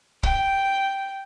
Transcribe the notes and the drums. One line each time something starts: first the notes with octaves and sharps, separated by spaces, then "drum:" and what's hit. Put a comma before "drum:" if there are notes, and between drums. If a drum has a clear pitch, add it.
G5, drum: kick